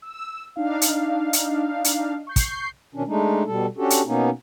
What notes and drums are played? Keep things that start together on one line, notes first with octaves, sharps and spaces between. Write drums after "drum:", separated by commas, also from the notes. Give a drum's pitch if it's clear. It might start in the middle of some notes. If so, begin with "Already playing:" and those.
E6
D4 D#4 F5
drum: hi-hat
drum: hi-hat
drum: hi-hat
C#6 G6 C7
drum: kick, hi-hat
B2 D#3 C#4 D4
G#3 A3 D4 D#4
B2 G3 A4
C#4 D4 F#4 G4 A4
drum: hi-hat
B2 A#3 B3 C#4 D#4